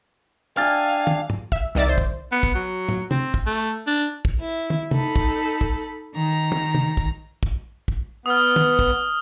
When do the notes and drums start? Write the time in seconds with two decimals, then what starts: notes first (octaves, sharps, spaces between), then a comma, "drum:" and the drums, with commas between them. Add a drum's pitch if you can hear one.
0.57 D4 E5 F5 G5 G#5 F6 A6
1.07 drum: tom
1.30 drum: tom
1.52 E5, drum: kick
1.75 C2 D#3 D5 E5 A6
1.88 C5
1.98 drum: kick
2.32 B3
2.43 drum: kick
2.55 F#3
2.89 drum: tom
3.11 C4, drum: tom
3.34 drum: kick
3.46 A3
3.87 D4
4.25 drum: kick
4.41 E4
4.70 drum: tom
4.91 D#4 A4 B5, drum: tom
5.16 drum: kick
5.61 drum: kick
6.14 D#3 A#5
6.52 drum: tom
6.75 drum: tom
6.97 drum: kick
7.43 drum: kick
7.88 drum: kick
8.26 B3 D#6 F6
8.56 drum: tom
8.79 drum: kick